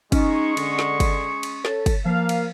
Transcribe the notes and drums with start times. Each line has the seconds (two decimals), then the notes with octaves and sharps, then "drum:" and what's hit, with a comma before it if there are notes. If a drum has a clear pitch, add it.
0.12 G#3 C#4 D#4 C#6, drum: kick, cymbal
0.57 D3, drum: cymbal
0.79 drum: snare
1.00 drum: kick, cymbal
1.43 drum: cymbal
1.65 A4 C#5 A6, drum: snare
1.86 drum: kick, cymbal
2.06 F3 A#3 F5
2.29 drum: cymbal